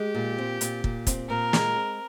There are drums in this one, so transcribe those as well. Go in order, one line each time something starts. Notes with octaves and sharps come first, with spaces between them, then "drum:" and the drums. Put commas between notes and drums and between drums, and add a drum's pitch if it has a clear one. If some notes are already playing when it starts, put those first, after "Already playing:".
Already playing: G#3 G4
A#2
C4
A#2, drum: hi-hat
A#2, drum: kick
C4, drum: kick, hi-hat
A#2 A#4
G#3, drum: snare
C4